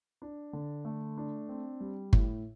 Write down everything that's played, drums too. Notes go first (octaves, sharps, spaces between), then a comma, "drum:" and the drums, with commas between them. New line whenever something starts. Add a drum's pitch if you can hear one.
D4
D3
A3
D4
C4
G3
A2, drum: kick G1